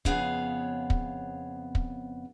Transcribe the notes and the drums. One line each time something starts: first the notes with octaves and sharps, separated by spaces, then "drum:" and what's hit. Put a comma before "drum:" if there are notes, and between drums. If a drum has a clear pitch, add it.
F2 C#3 B3 G#4 C#5 F5, drum: kick
drum: kick
drum: kick